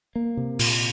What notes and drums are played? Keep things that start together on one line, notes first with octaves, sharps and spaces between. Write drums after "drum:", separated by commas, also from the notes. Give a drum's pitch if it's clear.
A#3
C3
A#2, drum: open hi-hat